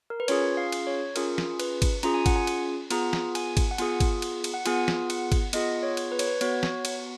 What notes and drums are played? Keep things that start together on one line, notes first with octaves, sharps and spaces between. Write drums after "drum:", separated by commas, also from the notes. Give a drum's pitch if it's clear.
A#4
B4
C#4 F4 G#4 C#5, drum: cymbal
F5
drum: cymbal
C#5
C#4 F4 G#4 A#4, drum: cymbal
drum: snare
B4, drum: cymbal
drum: kick, cymbal
C#4 F4 G#4 A#5, drum: cymbal
G#5
F#5, drum: kick, cymbal
G#5
drum: cymbal
B3 F4 G#4 A#5, drum: cymbal
drum: snare
G#5, drum: cymbal
drum: kick, cymbal
F#5
B3 F4 G#4 G#5, drum: cymbal
drum: kick, cymbal
drum: cymbal
drum: cymbal
F#5
B3 F4 G#4 G#5, drum: cymbal
drum: snare
F#5, drum: cymbal
drum: kick, cymbal
B3 F4 G#4 D#5, drum: cymbal
C#5
drum: cymbal
B4
C#5, drum: cymbal
B4
B3 F#4 C#5, drum: cymbal
drum: snare
drum: cymbal